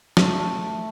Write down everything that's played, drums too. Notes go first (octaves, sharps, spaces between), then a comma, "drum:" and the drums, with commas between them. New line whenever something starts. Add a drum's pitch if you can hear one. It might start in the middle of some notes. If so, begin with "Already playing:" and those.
A3, drum: snare